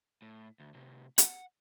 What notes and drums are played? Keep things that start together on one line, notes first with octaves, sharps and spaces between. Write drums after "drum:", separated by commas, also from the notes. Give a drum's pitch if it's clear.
A2
D2
A2 C3
F#5, drum: hi-hat